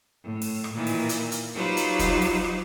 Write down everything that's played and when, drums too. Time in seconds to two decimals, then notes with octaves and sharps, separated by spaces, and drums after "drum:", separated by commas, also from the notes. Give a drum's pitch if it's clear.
0.23 A2
0.42 drum: open hi-hat
0.64 drum: rim click
0.74 A#2 D#3 E3
0.87 drum: open hi-hat
1.09 drum: hi-hat
1.32 drum: hi-hat
1.54 F#3 D#4 F4 G4 B4 C5
1.77 drum: hi-hat
1.99 drum: kick, hi-hat
2.22 drum: open hi-hat
2.44 drum: rim click